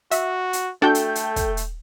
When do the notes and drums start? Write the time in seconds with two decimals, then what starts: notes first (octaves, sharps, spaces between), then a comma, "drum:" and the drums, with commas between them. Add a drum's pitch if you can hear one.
0.11 F#4 E5, drum: hi-hat
0.53 drum: hi-hat
0.82 A3 D4 F#4 A4 G5 G6
0.95 drum: hi-hat
1.15 drum: hi-hat
1.36 drum: kick, hi-hat
1.57 drum: hi-hat